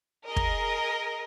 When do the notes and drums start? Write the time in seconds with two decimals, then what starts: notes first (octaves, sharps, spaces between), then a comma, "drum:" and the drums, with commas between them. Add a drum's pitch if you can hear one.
0.25 G#4 A#4 D#5
0.36 drum: kick